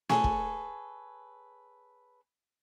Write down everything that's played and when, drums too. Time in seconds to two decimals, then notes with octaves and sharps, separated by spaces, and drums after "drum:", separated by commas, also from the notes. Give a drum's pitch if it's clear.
0.09 G#4 A4 B4 C#5, drum: snare
0.24 drum: kick